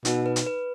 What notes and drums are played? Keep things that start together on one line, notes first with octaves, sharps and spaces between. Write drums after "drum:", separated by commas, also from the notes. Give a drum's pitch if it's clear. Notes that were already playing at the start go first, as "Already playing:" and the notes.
B2 D#4, drum: hi-hat
B4
drum: hi-hat
B4